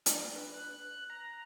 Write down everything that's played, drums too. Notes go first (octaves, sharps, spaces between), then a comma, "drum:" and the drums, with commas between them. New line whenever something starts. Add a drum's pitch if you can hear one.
D4, drum: hi-hat
B4
F#6
A#5